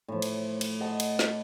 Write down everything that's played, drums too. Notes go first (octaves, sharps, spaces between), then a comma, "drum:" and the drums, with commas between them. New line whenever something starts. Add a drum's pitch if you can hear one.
A2 F3
drum: cymbal
drum: cymbal
D#5 F#5 A5
drum: cymbal
drum: snare